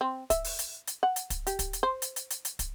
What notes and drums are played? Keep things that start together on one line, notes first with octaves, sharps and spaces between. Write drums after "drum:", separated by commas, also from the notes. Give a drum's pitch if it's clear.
C4
E5, drum: kick, hi-hat
drum: open hi-hat
drum: hi-hat
drum: hi-hat
F#5
drum: hi-hat
drum: kick, hi-hat
G4, drum: hi-hat
drum: kick, hi-hat
drum: hi-hat
C5
drum: hi-hat
drum: hi-hat
drum: hi-hat
drum: hi-hat
drum: kick, hi-hat